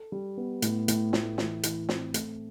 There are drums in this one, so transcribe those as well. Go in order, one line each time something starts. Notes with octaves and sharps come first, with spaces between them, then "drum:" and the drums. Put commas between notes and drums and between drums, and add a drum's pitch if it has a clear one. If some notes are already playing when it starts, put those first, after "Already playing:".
Already playing: A4
G3
B3
A2, drum: hi-hat
A2, drum: hi-hat
A2, drum: snare
E3, drum: snare
E3, drum: hi-hat
C4, drum: snare
A3, drum: hi-hat